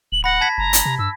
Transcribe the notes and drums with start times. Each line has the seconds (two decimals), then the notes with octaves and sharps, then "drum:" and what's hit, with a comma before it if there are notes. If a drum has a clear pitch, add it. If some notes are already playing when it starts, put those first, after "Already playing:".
0.12 D1 F#7
0.24 F#5 B5 A#6
0.41 A5 G#6 B6
0.58 F#1 A#5
0.73 drum: hi-hat
0.86 C3
0.99 G2 E6